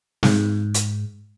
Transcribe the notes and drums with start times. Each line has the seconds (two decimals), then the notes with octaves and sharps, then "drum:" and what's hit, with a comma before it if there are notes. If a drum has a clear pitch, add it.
0.23 G#2, drum: snare
0.74 drum: hi-hat